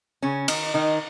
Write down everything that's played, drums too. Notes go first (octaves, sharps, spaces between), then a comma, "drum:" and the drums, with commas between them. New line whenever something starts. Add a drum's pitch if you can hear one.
C#3 C#4
D#3 D#4, drum: cymbal
D#3 D#4